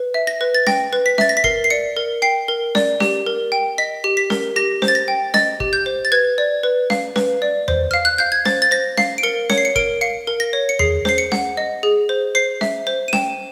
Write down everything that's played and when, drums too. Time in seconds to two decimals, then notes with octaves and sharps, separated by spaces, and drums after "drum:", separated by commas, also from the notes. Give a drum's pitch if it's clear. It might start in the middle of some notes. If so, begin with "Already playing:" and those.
Already playing: B4
0.14 E5
0.27 A#6
0.41 B4
0.55 A6
0.67 G5 A#6, drum: snare C#4
0.93 B4
1.06 B6
1.18 E5 A6, drum: snare C#4
1.29 A#6
1.37 B6
1.44 A#4 C7, drum: kick
1.64 C7
1.70 D5 C#7
1.96 A#4
2.22 G5 C7
2.48 A#4
2.75 D5, drum: snare C#4
3.00 G4, drum: snare C#4
3.26 A#4
3.52 G5
3.78 D#5 B6
4.04 G4
4.17 B6
4.30 A#4, drum: snare C#4
4.56 G4 A#6
4.82 C5, drum: snare C#4
4.88 A6
4.95 A#6
5.08 G5
5.34 D#5 A6, drum: snare C#4
5.60 G4, drum: kick
5.73 G6
5.86 C5
6.05 A6
6.12 B4 G#6
6.38 D5
6.63 B4
6.90 F5, drum: snare C#4
7.16 B4, drum: snare C#4
7.42 D5
7.68 C5, drum: tom E2
7.91 F5 F6
8.05 F#6
8.18 F5 G6
8.32 G#6
8.45 C5 A6, drum: snare C#4
8.62 A6
8.71 C5 A#6
8.97 F5 C7, drum: snare C#4
9.18 D7
9.23 A#4 C#7
9.50 C#5 C#7, drum: snare C#4
9.58 C7
9.65 C#7
9.76 A#4 D7, drum: kick
10.01 F5 C#7
10.27 A#4
10.40 A#6
10.53 C#5
10.69 C#7
10.79 G#4 C7, drum: tom E2
11.05 C5 C7, drum: snare C#4
11.18 C#7
11.32 F#5, drum: snare C#4
11.57 D#5
11.83 G#4
12.09 C5
12.35 C5 C7
12.61 E5, drum: snare C#4
12.87 C5
13.08 D#7
13.13 G5 E7, drum: snare C#4